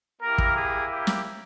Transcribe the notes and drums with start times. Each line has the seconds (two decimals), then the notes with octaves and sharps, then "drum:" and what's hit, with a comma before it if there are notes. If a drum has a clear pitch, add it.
0.21 A#3 E4 G4 A#4
0.38 drum: kick
0.55 G#4
0.90 G4
1.07 drum: snare